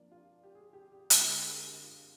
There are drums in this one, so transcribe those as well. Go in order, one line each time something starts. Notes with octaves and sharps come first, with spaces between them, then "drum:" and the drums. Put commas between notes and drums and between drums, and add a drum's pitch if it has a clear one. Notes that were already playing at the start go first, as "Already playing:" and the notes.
Already playing: F3 A#3 D4 D5
F4
G4
G#4
G4
G4
D3 G#3 D4 G#4, drum: hi-hat
A#4
G#4
G4
F4